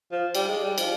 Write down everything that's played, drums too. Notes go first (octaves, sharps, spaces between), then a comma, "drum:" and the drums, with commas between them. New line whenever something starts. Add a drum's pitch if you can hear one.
F3
G3, drum: cymbal
G#3
G3
F3, drum: cymbal